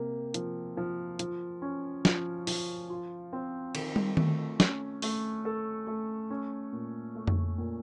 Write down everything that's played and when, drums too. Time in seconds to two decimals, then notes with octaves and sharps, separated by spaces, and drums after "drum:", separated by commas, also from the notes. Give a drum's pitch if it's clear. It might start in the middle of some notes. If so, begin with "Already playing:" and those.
Already playing: C3 A#3
0.34 F3, drum: hi-hat
0.77 F3
1.19 F3, drum: hi-hat
1.62 C#4
2.05 F3, drum: snare
2.47 F3, drum: open hi-hat
2.90 F4
3.33 C4
3.75 D#3, drum: cymbal
3.96 drum: tom
4.17 A3, drum: tom D#3
4.60 C#4, drum: snare
5.02 A3, drum: open hi-hat
5.45 A4
5.87 A3
6.30 C#4
6.72 A#2
7.15 A3
7.27 drum: tom F2
7.58 A#2